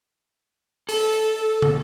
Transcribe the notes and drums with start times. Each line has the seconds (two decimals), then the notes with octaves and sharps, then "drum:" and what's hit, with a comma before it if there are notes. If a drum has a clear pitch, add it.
0.89 A4, drum: open hi-hat
1.62 drum: tom